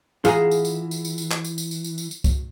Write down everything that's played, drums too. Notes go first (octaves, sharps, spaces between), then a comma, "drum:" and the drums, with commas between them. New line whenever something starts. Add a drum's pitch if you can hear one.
E3 F4 G#4 F#5 A#5, drum: tambourine
drum: tambourine
drum: tambourine
drum: tambourine
drum: tambourine
drum: tambourine
drum: clap
drum: tambourine
drum: tambourine
drum: tambourine
drum: tambourine
drum: tambourine
drum: tambourine
drum: kick C2, tambourine